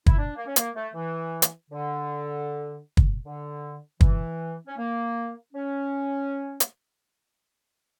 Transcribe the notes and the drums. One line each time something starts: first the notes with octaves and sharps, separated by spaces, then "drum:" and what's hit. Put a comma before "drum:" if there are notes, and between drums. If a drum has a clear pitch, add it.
E4, drum: kick
D4
A#3
C#4
A#3, drum: hi-hat
A3
E3
drum: hi-hat
D3
drum: kick
D3
E3, drum: kick
C#4
A#3
C#4
drum: hi-hat